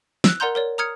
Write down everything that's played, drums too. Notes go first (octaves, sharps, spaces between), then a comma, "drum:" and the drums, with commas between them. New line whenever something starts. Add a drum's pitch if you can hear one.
E6 F#6, drum: snare
A#4 D5 F#5 A#5 C6 G6
A#4 C#5 D5
A#5 D#6 F6 G#6 C#7